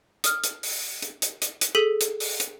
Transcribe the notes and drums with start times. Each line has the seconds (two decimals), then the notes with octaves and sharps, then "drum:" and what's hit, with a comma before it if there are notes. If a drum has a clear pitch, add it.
0.24 D#6 F6, drum: hi-hat
0.44 drum: hi-hat
0.63 drum: open hi-hat
1.02 drum: hi-hat
1.22 drum: hi-hat
1.42 drum: hi-hat
1.61 drum: hi-hat
1.75 G#4 A4 B6 D#7
2.01 drum: hi-hat
2.20 drum: open hi-hat
2.40 drum: hi-hat